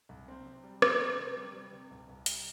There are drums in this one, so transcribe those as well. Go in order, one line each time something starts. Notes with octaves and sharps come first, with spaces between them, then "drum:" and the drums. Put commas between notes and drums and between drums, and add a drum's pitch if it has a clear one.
C2
C4
C3
G3
C3, drum: rim click
C4
C3
G3
G3
C3
C2
C2
G3, drum: hi-hat